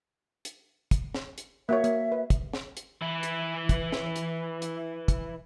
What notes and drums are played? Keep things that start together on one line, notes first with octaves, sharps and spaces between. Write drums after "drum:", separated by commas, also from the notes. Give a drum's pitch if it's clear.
drum: hi-hat
drum: kick, hi-hat
drum: snare
drum: hi-hat
A#3 F#4 C#5 E5
A#3, drum: hi-hat
B4
drum: kick, hi-hat
drum: snare
drum: hi-hat
E3 E4
drum: hi-hat
drum: kick, hi-hat
drum: snare
drum: hi-hat
drum: hi-hat
drum: kick, hi-hat